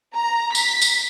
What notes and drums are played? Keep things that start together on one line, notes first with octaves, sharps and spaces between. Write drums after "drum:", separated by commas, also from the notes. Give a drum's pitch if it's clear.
A#5
B6, drum: tambourine
drum: tambourine